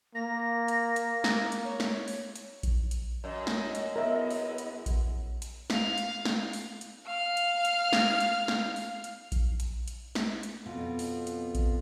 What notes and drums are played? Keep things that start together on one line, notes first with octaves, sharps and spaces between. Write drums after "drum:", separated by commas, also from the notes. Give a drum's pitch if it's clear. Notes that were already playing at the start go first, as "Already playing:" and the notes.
A#3 A#6
drum: hi-hat
drum: hi-hat
drum: snare
drum: hi-hat
C#5
drum: snare
drum: open hi-hat
drum: hi-hat
drum: kick A#1, hi-hat
drum: hi-hat
F#2 D#5
drum: snare
drum: hi-hat
B3 E4 G#4 A#4 E5
drum: open hi-hat
drum: hi-hat
drum: kick A#1, hi-hat
drum: hi-hat
F5, drum: snare
drum: hi-hat
drum: snare
drum: open hi-hat
drum: hi-hat
F5 F6
drum: hi-hat
drum: hi-hat
drum: snare
drum: hi-hat
drum: snare
drum: open hi-hat
drum: hi-hat
drum: kick A#1, hi-hat
drum: hi-hat
drum: hi-hat
drum: snare
drum: hi-hat
F2 B2 F4
drum: open hi-hat
drum: hi-hat
drum: kick A#1, hi-hat